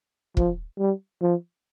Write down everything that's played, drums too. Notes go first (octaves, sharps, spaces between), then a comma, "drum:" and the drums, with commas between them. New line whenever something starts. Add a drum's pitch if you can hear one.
F3, drum: kick
G3
F3